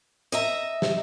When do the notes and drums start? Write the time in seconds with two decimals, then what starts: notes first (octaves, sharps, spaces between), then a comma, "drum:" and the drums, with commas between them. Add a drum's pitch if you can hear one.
0.32 D#5 E5 A#5
0.82 drum: snare